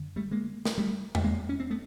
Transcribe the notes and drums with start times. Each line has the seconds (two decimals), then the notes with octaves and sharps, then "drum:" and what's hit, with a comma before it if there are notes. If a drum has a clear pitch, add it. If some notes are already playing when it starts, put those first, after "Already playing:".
Already playing: F#2 D3
0.16 G3 A3
0.31 G#3 A#3
0.65 drum: snare
0.78 G3 A3
1.15 A3, drum: tom E2
1.24 G#3 A#3
1.49 C#4
1.60 C4
1.70 A3 B3